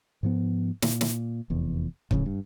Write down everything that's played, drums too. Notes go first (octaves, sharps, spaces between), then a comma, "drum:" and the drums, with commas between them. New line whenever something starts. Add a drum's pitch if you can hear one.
G#2 F3 B3
A#2, drum: snare
drum: snare
F1 E2
A2 C#3 F3, drum: kick
G2